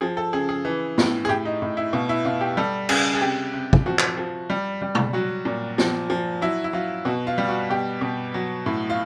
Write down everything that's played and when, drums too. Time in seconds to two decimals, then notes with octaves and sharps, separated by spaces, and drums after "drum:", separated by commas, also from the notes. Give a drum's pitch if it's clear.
0.01 F3 G#4
0.17 A4
0.33 C#3 G#4
0.49 G#4
0.65 E3
0.98 A2, drum: snare
1.25 G#4
1.29 A2 G4
1.45 D#4
1.62 A2
1.77 E4
1.93 B2 F4
2.09 E4
2.25 B2 F4
2.41 G4
2.57 G3 A4
2.89 C#3 G#4, drum: cymbal
3.14 G#4
3.21 C3 G4
3.54 C3
3.73 drum: kick
3.86 F3 F#4
3.99 drum: clap
4.17 F3
4.50 G3
4.82 G3
4.95 drum: tom B2
5.13 F#3 F#4
5.45 A#2
5.78 F3, drum: snare
6.10 F3
6.42 F#3 E4
6.64 E4
6.73 F#3 F4
7.05 B2 F#4
7.27 F4
7.38 G3
7.49 F#4
7.70 B2 G4
8.01 B2
8.34 F#3
8.66 A2
8.90 F4